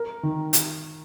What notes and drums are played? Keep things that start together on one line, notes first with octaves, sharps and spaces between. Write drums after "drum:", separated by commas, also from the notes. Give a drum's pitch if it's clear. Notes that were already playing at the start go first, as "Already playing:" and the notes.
Already playing: A#4
D#3
drum: hi-hat